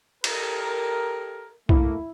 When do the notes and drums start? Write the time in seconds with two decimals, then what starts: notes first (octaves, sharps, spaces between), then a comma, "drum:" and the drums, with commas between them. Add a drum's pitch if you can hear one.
0.24 G4 A4 A#4, drum: cymbal
1.69 A3 A#3 E4, drum: kick B1